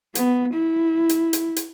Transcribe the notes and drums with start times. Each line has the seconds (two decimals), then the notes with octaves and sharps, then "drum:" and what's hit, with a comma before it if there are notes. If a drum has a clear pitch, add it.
0.15 B3, drum: hi-hat
0.54 E4
1.09 drum: hi-hat
1.33 drum: hi-hat
1.56 drum: hi-hat